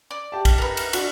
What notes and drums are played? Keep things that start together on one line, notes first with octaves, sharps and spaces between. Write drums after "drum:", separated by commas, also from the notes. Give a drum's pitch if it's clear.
D5
G4 A5
drum: kick, cymbal
A#4 B4
drum: cymbal
D4 F#4, drum: cymbal